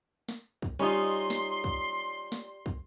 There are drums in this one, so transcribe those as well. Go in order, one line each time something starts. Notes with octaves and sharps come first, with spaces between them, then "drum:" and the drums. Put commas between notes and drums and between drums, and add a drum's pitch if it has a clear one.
drum: snare
drum: kick
G3 C#4 D#4 F4 C6
drum: snare
drum: kick
drum: snare
drum: kick